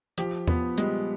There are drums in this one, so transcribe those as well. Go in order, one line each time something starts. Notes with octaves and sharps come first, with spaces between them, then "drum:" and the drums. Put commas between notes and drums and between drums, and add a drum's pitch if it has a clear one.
F3 G4, drum: hi-hat
F3 B3, drum: tom E2
G3 G#3, drum: hi-hat